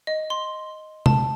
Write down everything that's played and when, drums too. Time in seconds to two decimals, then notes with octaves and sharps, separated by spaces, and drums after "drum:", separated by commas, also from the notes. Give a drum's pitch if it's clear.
0.07 D#5
0.30 C6
1.06 A5, drum: tom